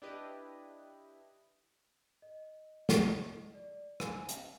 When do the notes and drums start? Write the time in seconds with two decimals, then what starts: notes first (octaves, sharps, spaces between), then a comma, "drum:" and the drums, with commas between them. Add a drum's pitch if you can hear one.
0.02 D4 E4 G4 B4 D#5
2.22 D#5
2.89 drum: snare
3.54 D5
4.00 G#5, drum: rim click
4.29 F5, drum: hi-hat